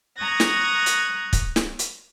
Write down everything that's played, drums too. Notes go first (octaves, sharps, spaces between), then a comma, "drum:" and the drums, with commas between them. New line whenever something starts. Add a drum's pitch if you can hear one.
A#5 C#6 D#6 F#6 G#6 A#6
drum: snare
drum: hi-hat
drum: kick, hi-hat
drum: snare
drum: hi-hat